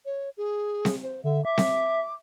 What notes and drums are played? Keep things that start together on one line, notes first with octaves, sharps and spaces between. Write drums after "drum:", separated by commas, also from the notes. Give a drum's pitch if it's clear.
C#5
G#4
drum: snare C4
C5
D3 E5
E5 D6
drum: snare C4